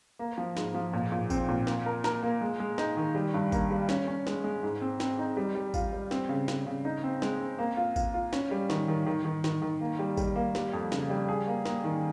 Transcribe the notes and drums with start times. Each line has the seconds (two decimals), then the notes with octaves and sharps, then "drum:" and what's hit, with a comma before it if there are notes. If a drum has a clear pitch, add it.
0.19 A#3
0.38 F3
0.57 G#2, drum: snare
0.74 F3
0.93 A#2
1.12 A#2
1.30 C4, drum: kick A1, tambourine
1.48 A#2
1.67 A#3, drum: snare
1.86 A#4
2.04 A#4, drum: snare
2.23 A#3
2.41 G#3
2.60 G#3
2.78 D#4, drum: snare
2.97 D#3
3.15 G3
3.34 G2
3.52 A#3, drum: kick A1, tambourine
3.71 G3
3.89 C#4, drum: snare
4.08 C#4
4.27 G#3, drum: snare
4.44 G#3
4.63 G#2
4.81 C4
5.00 C4, drum: snare
5.19 D#4
5.37 G3
5.55 G3
5.74 F4, drum: kick A1, tambourine
5.93 G3
6.11 C4, drum: snare
6.29 C#3
6.48 C#3, drum: snare
6.66 C#3
6.85 D#4
7.03 C4
7.22 G#3, drum: snare
7.40 C4
7.59 A#3
7.77 F4
7.96 F4, drum: kick A1, tambourine
8.14 F4
8.33 C#4, drum: snare
8.51 G3
8.70 D#3, drum: snare
8.88 D#3
9.07 D#3
9.25 D#3
9.44 D#3, drum: snare
9.62 D#3
9.81 A#3
9.99 G3
10.17 G3, drum: kick A1, tambourine
10.36 A#3
10.55 G3, drum: snare
10.73 F2
10.92 C#3, drum: snare
11.10 G3
11.28 G#4
11.47 A#3
11.65 A#3, drum: snare
11.84 D#3